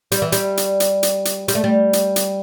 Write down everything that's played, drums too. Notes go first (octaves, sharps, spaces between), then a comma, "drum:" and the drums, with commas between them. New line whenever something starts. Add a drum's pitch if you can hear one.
G3, drum: hi-hat
E3
G3, drum: hi-hat
drum: hi-hat
drum: hi-hat
drum: hi-hat
drum: hi-hat
G3, drum: hi-hat
A3
G3
drum: hi-hat
drum: hi-hat